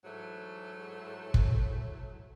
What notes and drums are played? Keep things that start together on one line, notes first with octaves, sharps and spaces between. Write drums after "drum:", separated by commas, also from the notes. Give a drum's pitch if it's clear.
G#2 E3 F#3 A3
drum: kick